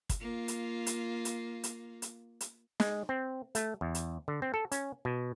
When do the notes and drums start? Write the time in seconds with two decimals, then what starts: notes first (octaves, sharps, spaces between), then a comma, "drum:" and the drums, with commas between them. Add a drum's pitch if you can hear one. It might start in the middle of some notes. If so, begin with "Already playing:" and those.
0.09 drum: kick, hi-hat
0.20 A#3 F4
0.48 drum: hi-hat
0.87 drum: hi-hat
1.25 drum: hi-hat
1.64 drum: hi-hat
2.02 drum: hi-hat
2.41 drum: hi-hat
2.80 G#3, drum: snare
3.09 C4
3.55 A3, drum: hi-hat
3.81 E2
3.95 drum: hi-hat
4.28 D3
4.42 C4
4.54 A4
4.72 C#4, drum: hi-hat
5.05 B2